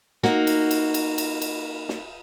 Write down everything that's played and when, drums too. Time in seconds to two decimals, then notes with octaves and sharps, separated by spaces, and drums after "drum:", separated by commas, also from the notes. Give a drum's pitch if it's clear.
0.23 A#3 D#4 F#4, drum: snare
0.47 drum: cymbal
0.71 drum: cymbal
0.94 drum: cymbal
1.18 drum: cymbal
1.42 drum: cymbal
1.89 drum: snare